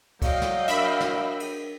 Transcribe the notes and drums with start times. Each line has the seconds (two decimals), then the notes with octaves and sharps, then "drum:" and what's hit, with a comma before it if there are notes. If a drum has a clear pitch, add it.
0.22 F#3 D5 D#5 F5 G5, drum: kick C#2, cymbal
0.41 drum: snare
0.68 D4 A#4 E5 B5
1.01 drum: snare
1.40 drum: cymbal